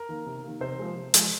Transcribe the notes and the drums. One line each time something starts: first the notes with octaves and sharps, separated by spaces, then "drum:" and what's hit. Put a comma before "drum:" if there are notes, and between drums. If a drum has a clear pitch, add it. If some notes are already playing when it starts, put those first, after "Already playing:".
Already playing: A#4
D#3 A#3
C3
D#3 A#3
C3 C5
F3 G#3
C3
F3 G#3, drum: hi-hat